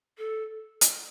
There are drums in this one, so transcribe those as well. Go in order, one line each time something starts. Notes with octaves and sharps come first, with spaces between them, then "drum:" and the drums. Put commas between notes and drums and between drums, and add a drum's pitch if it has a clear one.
A4
drum: hi-hat